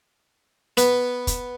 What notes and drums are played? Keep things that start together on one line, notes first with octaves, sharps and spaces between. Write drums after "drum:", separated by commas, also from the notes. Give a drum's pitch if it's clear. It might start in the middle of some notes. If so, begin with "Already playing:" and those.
B3, drum: hi-hat
drum: kick, hi-hat